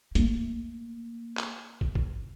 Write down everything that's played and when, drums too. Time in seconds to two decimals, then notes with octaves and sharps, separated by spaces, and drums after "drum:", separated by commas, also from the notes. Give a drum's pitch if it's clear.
0.15 A3 A#3, drum: hi-hat
1.38 drum: clap
1.81 drum: kick
1.95 drum: kick